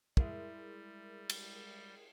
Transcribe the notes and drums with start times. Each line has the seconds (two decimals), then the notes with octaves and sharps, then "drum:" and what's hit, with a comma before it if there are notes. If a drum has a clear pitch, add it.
0.17 G3 G#3 E4 G#4 A#4 E5, drum: kick
1.30 drum: cymbal